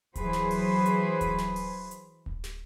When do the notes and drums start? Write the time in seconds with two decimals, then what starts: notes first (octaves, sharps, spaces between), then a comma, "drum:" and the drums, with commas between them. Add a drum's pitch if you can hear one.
0.15 E3 F#3 G#4 B4 C5, drum: kick D1, hi-hat
0.33 drum: snare
0.51 drum: open hi-hat
0.86 drum: hi-hat
1.21 drum: kick D1, hi-hat
1.38 drum: snare
1.56 drum: open hi-hat
1.91 drum: hi-hat
2.26 drum: kick D1
2.44 drum: snare